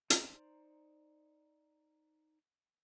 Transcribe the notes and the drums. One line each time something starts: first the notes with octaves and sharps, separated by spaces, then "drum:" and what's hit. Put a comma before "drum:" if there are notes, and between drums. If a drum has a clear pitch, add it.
D#4 C5 D5 A#5 C6, drum: hi-hat